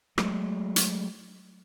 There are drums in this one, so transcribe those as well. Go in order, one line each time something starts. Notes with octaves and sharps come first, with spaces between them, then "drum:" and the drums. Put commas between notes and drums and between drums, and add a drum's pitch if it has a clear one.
F#3 G#3 A3, drum: rim click
drum: hi-hat